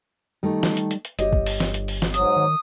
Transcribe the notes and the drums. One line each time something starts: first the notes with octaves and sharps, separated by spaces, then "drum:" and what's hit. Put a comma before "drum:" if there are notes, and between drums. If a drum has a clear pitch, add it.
D#3 G3 A3
drum: snare
drum: hi-hat
drum: hi-hat
drum: hi-hat
G1 G4 C#5 D#5, drum: hi-hat
drum: kick
drum: open hi-hat
drum: snare
drum: hi-hat
drum: open hi-hat
drum: snare
G#2 F#3 D#6, drum: hi-hat
D#3